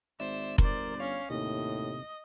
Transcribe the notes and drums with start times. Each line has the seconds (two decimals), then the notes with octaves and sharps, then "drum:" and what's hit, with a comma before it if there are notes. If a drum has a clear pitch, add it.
0.20 G#1 C5 D5 E5 E6
0.58 G1 A#4 C5 D5, drum: kick F1
1.00 C#4 C#5 F5
1.30 D#2 A2 C3 D#5